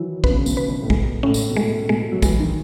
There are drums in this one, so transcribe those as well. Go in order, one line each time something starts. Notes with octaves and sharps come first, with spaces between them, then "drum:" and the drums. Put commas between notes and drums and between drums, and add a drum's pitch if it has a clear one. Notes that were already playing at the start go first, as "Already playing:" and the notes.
Already playing: D#3 E3 F#3 E4
C#3 B4, drum: kick
B2
C#3
B2, drum: tambourine
B4
B2
A2
B2 G#3, drum: kick
A2 C#4
drum: tambourine
B2
A2 G#3
B2 G#3
F#3
E3 G#3, drum: kick, tambourine
D#3